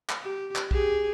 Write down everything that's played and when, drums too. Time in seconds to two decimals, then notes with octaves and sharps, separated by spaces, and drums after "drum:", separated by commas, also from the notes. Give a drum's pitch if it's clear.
0.09 drum: clap
0.22 G4
0.56 drum: clap
0.71 G4 G#4, drum: kick